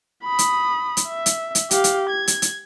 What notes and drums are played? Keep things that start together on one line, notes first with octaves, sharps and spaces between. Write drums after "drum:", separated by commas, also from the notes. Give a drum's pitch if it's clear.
B5 D#6
drum: hi-hat
drum: hi-hat
E5
drum: hi-hat
drum: hi-hat
G4 F5, drum: hi-hat
drum: hi-hat
G#6
drum: hi-hat
drum: hi-hat